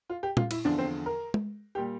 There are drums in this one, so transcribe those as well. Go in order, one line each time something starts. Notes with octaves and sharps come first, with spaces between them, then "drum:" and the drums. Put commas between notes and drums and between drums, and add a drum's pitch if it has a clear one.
F4
G4
F4, drum: tom
E4, drum: cymbal
E2 D3 F3 D4
C4
A#4
drum: tom G#3
A#2 G3 G4